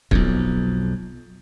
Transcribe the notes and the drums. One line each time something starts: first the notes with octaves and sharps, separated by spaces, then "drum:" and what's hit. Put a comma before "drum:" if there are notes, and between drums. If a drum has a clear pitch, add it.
B1 F2, drum: kick